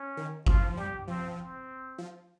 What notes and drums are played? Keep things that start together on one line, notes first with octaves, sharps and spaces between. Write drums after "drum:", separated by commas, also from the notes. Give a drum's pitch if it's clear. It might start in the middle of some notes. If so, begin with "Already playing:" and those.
Already playing: C#4
D#3
F3 F4, drum: kick G1
G3 G4
F3 C4
C4
F3